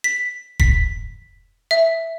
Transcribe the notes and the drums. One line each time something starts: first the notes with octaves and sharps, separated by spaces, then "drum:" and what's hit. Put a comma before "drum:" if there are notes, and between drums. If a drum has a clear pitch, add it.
B6
B6, drum: kick E1
E5